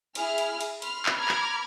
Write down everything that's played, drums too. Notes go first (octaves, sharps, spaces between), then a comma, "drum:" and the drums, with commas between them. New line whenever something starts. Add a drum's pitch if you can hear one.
E4 G#4 G#5 F6, drum: cymbal
drum: cymbal
drum: cymbal
B5 C6 F6, drum: cymbal
drum: clap
A#5 B5 D6 F6 G#6
drum: clap